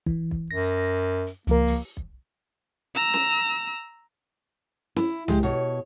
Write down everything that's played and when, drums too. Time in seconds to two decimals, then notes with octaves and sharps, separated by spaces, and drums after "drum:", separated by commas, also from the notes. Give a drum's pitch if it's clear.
0.06 E3, drum: kick
0.31 drum: kick
0.51 F#2 A#6
1.27 drum: hi-hat
1.47 C#2 F3 A#3 A#4, drum: hi-hat
1.67 drum: open hi-hat
1.97 drum: kick
2.96 A#5 E6
3.14 drum: snare
4.96 E4, drum: snare
5.28 G#3 G4, drum: tom
5.43 B2 C#5